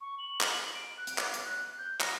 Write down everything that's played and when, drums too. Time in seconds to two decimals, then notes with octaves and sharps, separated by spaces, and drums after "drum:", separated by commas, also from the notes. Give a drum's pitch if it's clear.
0.01 C#6
0.19 F#7
0.41 drum: clap
0.75 D7
0.97 F#6
1.07 drum: hi-hat
1.18 D6, drum: clap
1.34 drum: hi-hat
1.43 F#6
1.79 G6
2.00 A#6, drum: clap